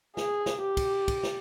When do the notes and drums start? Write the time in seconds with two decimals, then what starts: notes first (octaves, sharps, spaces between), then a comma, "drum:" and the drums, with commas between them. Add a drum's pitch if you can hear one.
0.17 G#4, drum: snare
0.46 drum: snare
0.62 G4
0.77 drum: kick, cymbal
1.08 drum: kick, cymbal
1.23 drum: snare